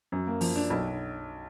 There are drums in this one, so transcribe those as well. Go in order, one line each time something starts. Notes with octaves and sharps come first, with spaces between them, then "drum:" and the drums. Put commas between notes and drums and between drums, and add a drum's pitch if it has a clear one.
F#2
A#3
F3, drum: open hi-hat
D4
B1